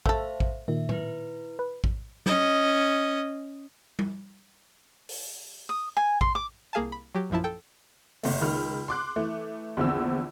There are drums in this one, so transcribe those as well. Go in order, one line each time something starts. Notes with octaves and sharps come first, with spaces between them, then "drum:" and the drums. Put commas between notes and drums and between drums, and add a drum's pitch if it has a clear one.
A3 A4 C5 E5 F5, drum: kick A1
drum: kick A1
A#2 D#3 E5
E4 B4, drum: tom A2
B4
drum: kick A1
C#4 D#5, drum: snare
drum: tom G3
drum: open hi-hat
D#6
G#5
C6, drum: kick A1
D6
C2 A#3 G#4 F5 G#5 A5
B5
F#3 G4
A#1 F#2 F3 E4 A5
A4 G5
F#1 A3, drum: open hi-hat
C#2 D#3 F6
C6 D6 F#6
E3 A3
A#1 E2 D3 C4 E6